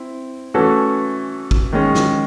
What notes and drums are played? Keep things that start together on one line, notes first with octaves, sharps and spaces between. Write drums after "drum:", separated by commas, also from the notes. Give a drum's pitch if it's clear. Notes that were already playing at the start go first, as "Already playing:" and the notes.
Already playing: C4 E4
E3 A3 C#4 F#4 A4
drum: kick
D#3 G#3 C#4
drum: snare